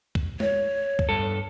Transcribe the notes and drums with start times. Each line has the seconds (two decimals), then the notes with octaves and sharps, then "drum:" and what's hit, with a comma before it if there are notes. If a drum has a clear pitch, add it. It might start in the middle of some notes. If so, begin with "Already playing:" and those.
0.15 drum: kick
0.40 C#5, drum: tom G#3
0.99 drum: kick
1.09 G2 A4